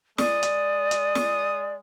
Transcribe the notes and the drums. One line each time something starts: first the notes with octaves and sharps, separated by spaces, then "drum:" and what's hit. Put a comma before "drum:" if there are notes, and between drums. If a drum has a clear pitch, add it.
G#3 D5 D#6, drum: snare
drum: hi-hat
drum: hi-hat
drum: snare